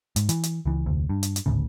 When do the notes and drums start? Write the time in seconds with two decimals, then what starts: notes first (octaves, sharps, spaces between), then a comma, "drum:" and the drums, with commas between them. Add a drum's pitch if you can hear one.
0.16 G#2, drum: hi-hat
0.29 E3, drum: hi-hat
0.43 drum: hi-hat
0.66 C#2 E3
0.86 F1 D2
1.09 G2
1.23 drum: hi-hat
1.36 drum: hi-hat
1.46 G#1 D2 A2 C#3